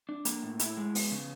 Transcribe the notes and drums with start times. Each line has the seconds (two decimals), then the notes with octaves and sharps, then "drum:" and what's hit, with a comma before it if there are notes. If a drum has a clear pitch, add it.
0.09 D4
0.25 A#3, drum: hi-hat
0.43 A2
0.59 E4, drum: hi-hat
0.77 G#3
0.95 B3, drum: open hi-hat
1.11 C#3